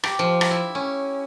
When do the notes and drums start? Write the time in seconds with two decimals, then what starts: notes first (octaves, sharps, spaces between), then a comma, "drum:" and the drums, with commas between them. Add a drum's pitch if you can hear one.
0.04 G4, drum: rim click
0.19 F3
0.41 drum: rim click
0.51 E4
0.75 C#4